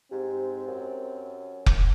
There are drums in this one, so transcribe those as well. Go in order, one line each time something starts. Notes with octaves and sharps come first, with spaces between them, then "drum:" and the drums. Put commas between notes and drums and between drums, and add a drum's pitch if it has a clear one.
G#2 C4 G4
F#2
drum: kick F1